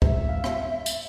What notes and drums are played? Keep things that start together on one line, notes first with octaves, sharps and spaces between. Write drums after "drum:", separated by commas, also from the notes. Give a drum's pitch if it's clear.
G#2 E5, drum: kick
F5
drum: rim click
drum: tambourine